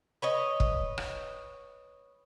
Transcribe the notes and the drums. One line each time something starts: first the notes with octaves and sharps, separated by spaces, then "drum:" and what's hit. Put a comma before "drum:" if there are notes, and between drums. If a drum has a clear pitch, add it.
B4 C#5 D#5
drum: kick
drum: rim click